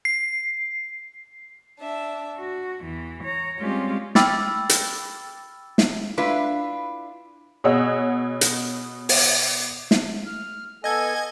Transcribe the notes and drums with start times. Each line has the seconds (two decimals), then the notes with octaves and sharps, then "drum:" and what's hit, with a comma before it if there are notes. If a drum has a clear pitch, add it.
0.05 C7
1.80 D4 E5
2.38 F#4
2.82 E2 E3
3.23 C#5 A#5
3.58 G3 G#3 C4 C#4 F4 G4
4.15 G5 B5 D6 E6 F6 A6, drum: snare
4.69 drum: hi-hat
5.78 drum: snare
6.18 D4 E4 F4 B4
7.64 B2 G#4 C#5 D#5 F#5 E6
8.41 drum: hi-hat
9.09 drum: open hi-hat
9.91 drum: snare
10.26 F6
10.84 B3 A4 D#5 G#5 G#6